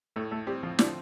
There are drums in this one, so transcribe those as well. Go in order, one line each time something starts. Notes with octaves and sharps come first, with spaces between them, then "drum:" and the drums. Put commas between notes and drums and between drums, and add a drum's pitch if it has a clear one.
A2 A3 A4
A3 A4
G3 C4 G4
F3 F4
D3 F3 D4, drum: snare